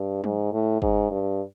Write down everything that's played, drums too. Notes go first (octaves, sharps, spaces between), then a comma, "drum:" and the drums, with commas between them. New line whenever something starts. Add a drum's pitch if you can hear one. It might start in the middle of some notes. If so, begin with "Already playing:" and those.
Already playing: G2
G#2, drum: tom
A2
G#2, drum: kick
G2